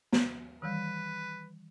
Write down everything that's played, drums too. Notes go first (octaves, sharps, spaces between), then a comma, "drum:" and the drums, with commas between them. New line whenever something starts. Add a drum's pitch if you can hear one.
A#5, drum: snare
D#3 E3 G3 B4